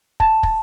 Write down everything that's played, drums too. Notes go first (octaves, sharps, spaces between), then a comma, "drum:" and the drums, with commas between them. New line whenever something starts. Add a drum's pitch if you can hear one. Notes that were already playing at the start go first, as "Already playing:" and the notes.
A5, drum: kick
drum: kick